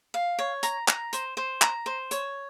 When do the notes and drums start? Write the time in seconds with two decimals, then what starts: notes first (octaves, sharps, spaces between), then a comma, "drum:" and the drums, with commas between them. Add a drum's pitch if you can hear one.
0.14 F5
0.39 C#5
0.63 A#5, drum: hi-hat
0.88 A#5, drum: clap
1.13 C5, drum: hi-hat
1.37 C5
1.62 A#5, drum: clap
1.86 C5
2.11 C#5, drum: hi-hat